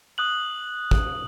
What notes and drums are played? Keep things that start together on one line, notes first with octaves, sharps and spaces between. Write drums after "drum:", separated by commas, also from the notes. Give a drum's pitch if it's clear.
D#6 F#6 F#7
drum: kick